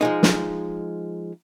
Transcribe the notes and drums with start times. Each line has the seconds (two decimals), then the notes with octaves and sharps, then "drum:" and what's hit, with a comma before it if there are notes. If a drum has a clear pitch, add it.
0.01 F3 G#3 D#4
0.23 drum: snare